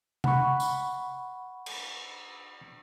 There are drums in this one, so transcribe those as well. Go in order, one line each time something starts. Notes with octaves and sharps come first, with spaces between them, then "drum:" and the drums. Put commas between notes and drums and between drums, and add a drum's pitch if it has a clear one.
F#5 B5 C#6, drum: tom C3
drum: tambourine
drum: cymbal